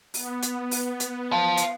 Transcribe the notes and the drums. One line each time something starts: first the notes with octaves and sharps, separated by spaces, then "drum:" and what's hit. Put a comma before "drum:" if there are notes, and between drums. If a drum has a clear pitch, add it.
B3, drum: open hi-hat
drum: hi-hat
drum: open hi-hat
drum: hi-hat
F5 A5
drum: hi-hat